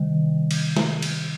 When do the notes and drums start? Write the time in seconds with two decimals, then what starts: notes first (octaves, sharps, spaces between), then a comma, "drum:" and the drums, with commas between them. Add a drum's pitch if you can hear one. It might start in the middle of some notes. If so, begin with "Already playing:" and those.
Already playing: C3 D#3 G3
0.51 drum: cymbal
0.77 drum: snare
1.02 drum: cymbal